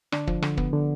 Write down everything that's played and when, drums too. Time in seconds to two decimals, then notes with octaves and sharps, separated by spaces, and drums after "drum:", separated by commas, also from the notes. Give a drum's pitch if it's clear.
0.12 D3 D4, drum: rim click
0.27 F3, drum: kick
0.42 D3, drum: rim click
0.57 B3, drum: kick
0.73 D3